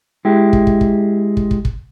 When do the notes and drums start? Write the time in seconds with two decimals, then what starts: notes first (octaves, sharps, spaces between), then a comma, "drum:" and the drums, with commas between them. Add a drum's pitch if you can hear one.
0.25 G#3 E4 G4
0.53 drum: kick
0.67 drum: kick
0.81 drum: kick
1.37 drum: kick
1.51 drum: kick
1.65 drum: kick